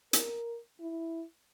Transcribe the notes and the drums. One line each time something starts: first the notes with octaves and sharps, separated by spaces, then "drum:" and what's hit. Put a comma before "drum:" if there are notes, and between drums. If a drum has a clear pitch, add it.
A#4, drum: hi-hat
E4